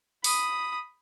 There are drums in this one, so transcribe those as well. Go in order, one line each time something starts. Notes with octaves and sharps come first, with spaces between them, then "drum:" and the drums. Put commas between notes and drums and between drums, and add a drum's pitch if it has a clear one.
B5 D#6, drum: open hi-hat